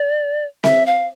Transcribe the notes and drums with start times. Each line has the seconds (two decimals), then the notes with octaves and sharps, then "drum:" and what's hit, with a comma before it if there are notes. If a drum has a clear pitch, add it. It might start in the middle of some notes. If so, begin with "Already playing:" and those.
Already playing: D5
0.64 E5, drum: snare C4
0.86 F5